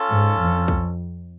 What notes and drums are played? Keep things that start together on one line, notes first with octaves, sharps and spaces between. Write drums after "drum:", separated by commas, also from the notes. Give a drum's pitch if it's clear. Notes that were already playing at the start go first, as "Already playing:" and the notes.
Already playing: C#4 F4 A4
G#2
F2
drum: kick